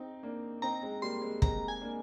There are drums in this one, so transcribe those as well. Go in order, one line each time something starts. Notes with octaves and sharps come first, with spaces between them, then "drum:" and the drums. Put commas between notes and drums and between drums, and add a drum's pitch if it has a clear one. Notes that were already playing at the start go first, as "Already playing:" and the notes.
Already playing: C4 D#4
A#3 D4
C4 D#4 A#5
G#3 C4
G3 A#3 C6
G#3 C4
G#3 C4 A#5, drum: kick
G#5
A#3 D4